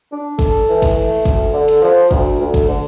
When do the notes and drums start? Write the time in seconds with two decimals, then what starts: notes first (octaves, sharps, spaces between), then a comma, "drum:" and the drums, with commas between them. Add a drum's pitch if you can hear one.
0.11 D4
0.39 A4, drum: kick, cymbal
0.67 E3
0.82 drum: kick, cymbal
0.97 A3
1.25 D2, drum: kick, cymbal
1.54 D3
1.68 drum: cymbal
1.82 F3
2.11 D2, drum: kick
2.40 D2
2.54 drum: kick, cymbal
2.68 D3